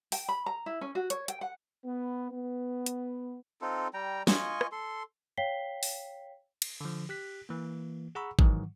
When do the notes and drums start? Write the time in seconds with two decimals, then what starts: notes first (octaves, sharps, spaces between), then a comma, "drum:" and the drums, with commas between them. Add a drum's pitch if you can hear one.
0.12 G5, drum: open hi-hat
0.29 B5
0.46 A#5
0.66 E4
0.81 C#4
0.95 F#4
1.10 C#5, drum: hi-hat
1.28 G5, drum: hi-hat
1.41 F#5
1.84 B3
2.32 B3
2.86 drum: hi-hat
3.61 C4 D#4 F4 A4
3.94 G3 G5 A#5
4.27 F4 D#5 G#5 C#6, drum: snare
4.61 drum: rim click
4.72 A4 C6
5.38 C#5 F5 G5 B6 C7 G7
5.83 drum: open hi-hat
6.62 drum: cymbal
6.81 D3 F3
7.09 G4 F#6 B6
7.49 E3 A#3
8.15 G#4 F#5 A#5 B5 C#6 E6
8.39 G#2 D#3 E3 F#3, drum: kick G#1